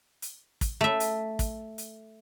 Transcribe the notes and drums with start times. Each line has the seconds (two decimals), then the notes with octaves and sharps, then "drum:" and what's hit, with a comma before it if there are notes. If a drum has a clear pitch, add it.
0.22 drum: hi-hat
0.61 drum: kick, hi-hat
0.81 A3 E5
1.00 drum: hi-hat
1.39 drum: kick, hi-hat
1.78 drum: hi-hat